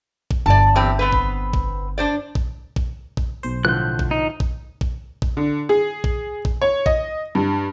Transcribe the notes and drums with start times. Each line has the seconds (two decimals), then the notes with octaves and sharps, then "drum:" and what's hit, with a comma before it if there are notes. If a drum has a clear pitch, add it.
0.31 drum: kick A#1
0.46 G1 D5 A5
0.76 E2 C4 G4
0.99 B3 C4 B4
1.13 drum: kick A#1
1.53 drum: kick A#1
1.98 D4 C5 D5
2.35 drum: kick A#1
2.76 drum: kick A#1
3.17 drum: kick A#1
3.43 B1 C5
3.65 A2 D3 F3 F#6 G6
3.99 drum: kick A#1
4.11 D#4
4.40 drum: kick A#1
4.81 drum: kick A#1
5.22 drum: kick A#1
5.37 D3
5.69 G#4
6.04 drum: kick A#1
6.45 drum: kick A#1
6.61 C#5
6.86 D#5, drum: kick A#1
7.35 G2